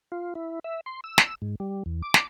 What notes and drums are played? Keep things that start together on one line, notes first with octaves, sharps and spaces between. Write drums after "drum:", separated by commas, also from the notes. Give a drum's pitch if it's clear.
F4
E4
E5
C6
E6
drum: snare
G#2
G3
E2
D6
drum: snare